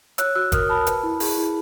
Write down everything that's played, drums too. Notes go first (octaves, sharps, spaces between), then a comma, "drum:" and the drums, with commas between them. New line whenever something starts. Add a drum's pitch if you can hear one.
C#5 E6 F#6, drum: hi-hat
F#4 E6 F#6
A#4 D#6 F6, drum: kick, hi-hat
F#4 A5 B5
B4, drum: hi-hat
E4
G#4, drum: open hi-hat
E4